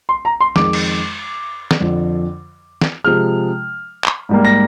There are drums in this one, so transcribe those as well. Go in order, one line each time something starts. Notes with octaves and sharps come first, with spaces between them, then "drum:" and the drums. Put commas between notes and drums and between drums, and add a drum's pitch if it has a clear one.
C6
A#5
C6
F2 D#3 G#3 D6, drum: snare
drum: cymbal
drum: snare
F2 D3 F3
drum: snare
C3 F3 G#3 F6
drum: clap
G#2 G3 A#3
A#6